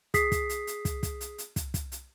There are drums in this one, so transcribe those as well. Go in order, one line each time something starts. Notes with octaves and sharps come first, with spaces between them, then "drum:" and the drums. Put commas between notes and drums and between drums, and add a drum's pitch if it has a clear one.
G#4 D#6 B6 C7, drum: kick, hi-hat
drum: kick, hi-hat
drum: hi-hat
drum: hi-hat
drum: kick, hi-hat
drum: kick, hi-hat
drum: hi-hat
drum: hi-hat
drum: kick, hi-hat
drum: kick, hi-hat
drum: hi-hat